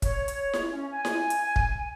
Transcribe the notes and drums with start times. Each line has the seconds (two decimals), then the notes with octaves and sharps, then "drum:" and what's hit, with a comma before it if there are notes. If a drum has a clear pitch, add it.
0.02 C#5, drum: kick, hi-hat
0.28 drum: hi-hat
0.53 drum: snare E4
0.72 C#4
0.92 G#5
1.05 drum: snare E4
1.30 drum: hi-hat
1.56 drum: kick